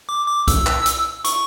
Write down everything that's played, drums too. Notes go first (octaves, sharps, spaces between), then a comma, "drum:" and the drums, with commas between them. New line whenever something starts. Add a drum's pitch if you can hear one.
D6
D6
E6, drum: kick C2, hi-hat
drum: clap
drum: hi-hat
C#6, drum: hi-hat